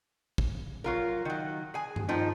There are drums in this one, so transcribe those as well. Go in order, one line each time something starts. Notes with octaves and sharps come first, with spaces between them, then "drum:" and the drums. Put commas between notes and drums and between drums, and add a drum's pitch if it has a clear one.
drum: kick
F#3 F4 A#4
D#3 F#3
G#4 G#5
drum: tom G2
D#3 F3 D#4